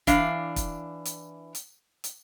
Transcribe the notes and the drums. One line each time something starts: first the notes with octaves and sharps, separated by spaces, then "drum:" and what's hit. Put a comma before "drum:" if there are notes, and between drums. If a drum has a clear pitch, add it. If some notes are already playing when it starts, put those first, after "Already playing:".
E3 D4 F5, drum: kick, hi-hat
drum: kick, hi-hat
drum: hi-hat
drum: hi-hat
drum: hi-hat